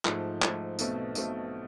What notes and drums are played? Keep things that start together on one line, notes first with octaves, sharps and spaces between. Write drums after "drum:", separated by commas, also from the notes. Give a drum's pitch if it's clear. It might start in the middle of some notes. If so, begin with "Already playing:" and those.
G#2 F3 A3, drum: clap
G#2 F3 A3, drum: clap
B1 B2 A3 C4, drum: tambourine
B1 B2 A3 C4, drum: tambourine